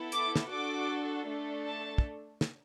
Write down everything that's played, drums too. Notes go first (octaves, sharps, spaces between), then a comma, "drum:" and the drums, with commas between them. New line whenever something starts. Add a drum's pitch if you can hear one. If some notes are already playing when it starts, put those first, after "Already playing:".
Already playing: B3 E4 A4
D6, drum: hi-hat
drum: snare
D4 F#4 A4 D6
A3 D4 A4
A5
drum: kick
drum: snare